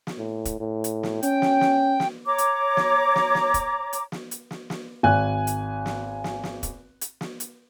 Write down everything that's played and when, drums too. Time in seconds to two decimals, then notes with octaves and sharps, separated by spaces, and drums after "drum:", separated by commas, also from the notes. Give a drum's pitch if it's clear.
0.07 drum: snare
0.18 A2
0.45 drum: kick E1, hi-hat
0.60 A2
0.84 drum: hi-hat
1.03 drum: snare
1.23 C#4 G5, drum: hi-hat
1.42 drum: snare
1.61 drum: snare
2.00 drum: snare
2.26 C#5 A#5 D6
2.38 drum: hi-hat
2.77 drum: snare
3.16 drum: snare
3.35 drum: snare
3.54 drum: kick E1, hi-hat
3.93 drum: hi-hat
4.12 drum: snare
4.31 drum: hi-hat
4.51 drum: snare
4.70 drum: snare
5.03 G#1 G#5 F#6
5.47 drum: hi-hat
5.86 drum: snare
6.24 drum: snare
6.43 drum: snare
6.63 drum: kick E1, hi-hat
7.01 drum: hi-hat
7.21 drum: snare
7.40 drum: hi-hat